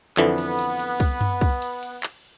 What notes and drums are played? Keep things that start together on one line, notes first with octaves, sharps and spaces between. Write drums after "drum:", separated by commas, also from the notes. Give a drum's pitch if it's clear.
F2 D3 E3 B3, drum: clap
drum: cymbal
drum: cymbal
drum: cymbal
drum: kick, cymbal
drum: tom F#2
drum: kick, cymbal
drum: cymbal
drum: cymbal
drum: clap